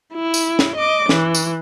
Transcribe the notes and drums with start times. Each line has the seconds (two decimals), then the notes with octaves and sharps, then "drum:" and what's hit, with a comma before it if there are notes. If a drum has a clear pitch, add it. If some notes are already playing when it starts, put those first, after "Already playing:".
0.14 E4
0.34 drum: tambourine
0.59 drum: snare
0.76 D#5 D6
1.09 E3, drum: snare
1.35 drum: tambourine